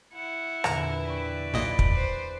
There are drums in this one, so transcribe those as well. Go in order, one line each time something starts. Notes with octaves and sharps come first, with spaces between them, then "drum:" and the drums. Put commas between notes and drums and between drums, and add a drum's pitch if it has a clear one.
E4 F#5
E2 A#2 D3 A#5, drum: rim click
B4 D5 G5 B5 C#6
B1 A#2 D#5
drum: kick
C5